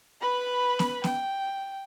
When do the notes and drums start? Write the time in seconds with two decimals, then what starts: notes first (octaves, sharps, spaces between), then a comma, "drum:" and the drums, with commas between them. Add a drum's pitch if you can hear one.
0.21 B4 B5
0.79 drum: snare B3
1.04 G5, drum: snare B3